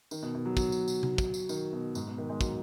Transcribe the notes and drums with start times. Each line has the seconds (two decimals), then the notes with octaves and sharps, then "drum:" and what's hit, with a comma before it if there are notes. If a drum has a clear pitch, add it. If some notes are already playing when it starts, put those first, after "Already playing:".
0.11 D#3, drum: tambourine
0.22 B2
0.34 B2
0.45 F#3
0.57 F#3, drum: kick, tambourine
0.72 drum: tambourine
0.88 drum: tambourine
1.03 drum: tom C3
1.18 drum: kick, tambourine
1.34 drum: tambourine
1.49 D#3, drum: tambourine
1.73 B2
1.95 G#2, drum: tambourine
2.07 B2
2.18 D#3
2.29 G#3
2.41 F#3, drum: kick, tambourine